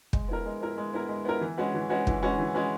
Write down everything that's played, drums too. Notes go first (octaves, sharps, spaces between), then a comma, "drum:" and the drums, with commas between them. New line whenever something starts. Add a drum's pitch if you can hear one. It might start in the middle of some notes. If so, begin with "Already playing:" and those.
G#3, drum: kick
B3 E4 A#4
G#3
B3 E4 A#4
G#3
B3 E4 A#4
G#3
B3 E4 A#4
E3
G#3 C#4 F#4 B4
E3
G#3 C#4 F#4 B4
E3, drum: kick
G#3 C#4 F#4 B4
E3
G#3 C#4 F#4 B4